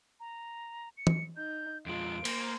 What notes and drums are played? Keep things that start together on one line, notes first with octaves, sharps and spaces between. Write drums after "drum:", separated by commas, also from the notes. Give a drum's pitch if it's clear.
A#5
C#7
drum: tom
D#4 G6
F2 G#3 F4 D7
A#3 C5, drum: cymbal